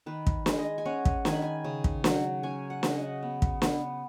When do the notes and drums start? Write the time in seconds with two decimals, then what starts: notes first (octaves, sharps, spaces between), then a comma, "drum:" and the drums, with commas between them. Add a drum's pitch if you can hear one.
0.06 D#3 B4
0.27 drum: kick
0.46 G#3, drum: snare
0.59 D#5
0.78 G#5
0.85 C#4 F#5
1.05 drum: kick
1.25 D#3 G#5, drum: snare
1.33 B5
1.42 G#5
1.64 C#3
1.84 drum: kick
2.04 F#3, drum: snare
2.43 C#4 G#5
2.70 F#5
2.83 C#3, drum: snare
2.91 D#5 F#5
3.23 B3
3.42 drum: kick
3.62 B3, drum: snare